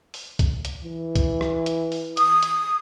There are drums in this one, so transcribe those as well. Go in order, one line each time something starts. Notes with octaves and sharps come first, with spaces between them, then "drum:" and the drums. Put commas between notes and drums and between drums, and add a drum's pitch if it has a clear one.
drum: open hi-hat
drum: kick C2, hi-hat
drum: hi-hat
E3
drum: kick C2, hi-hat
drum: rim click
drum: hi-hat
drum: open hi-hat
D#6, drum: hi-hat
drum: hi-hat